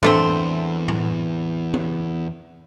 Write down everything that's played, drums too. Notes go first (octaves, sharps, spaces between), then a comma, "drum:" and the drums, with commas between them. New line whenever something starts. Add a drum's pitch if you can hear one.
E2 D3 A3 C4, drum: tom G#2
drum: tom A2
drum: tom